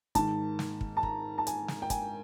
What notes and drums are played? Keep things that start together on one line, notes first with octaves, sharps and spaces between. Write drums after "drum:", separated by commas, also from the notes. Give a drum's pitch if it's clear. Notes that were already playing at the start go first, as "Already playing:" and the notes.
G#2 D#3 A5, drum: kick, hi-hat
drum: snare
drum: kick
A5
A#5, drum: kick
A5
G#5, drum: hi-hat
drum: snare
G5
G#5, drum: kick, hi-hat